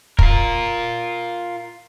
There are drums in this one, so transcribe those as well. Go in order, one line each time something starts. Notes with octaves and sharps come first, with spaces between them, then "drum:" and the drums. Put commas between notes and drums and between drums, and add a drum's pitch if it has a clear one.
F4 A#4, drum: kick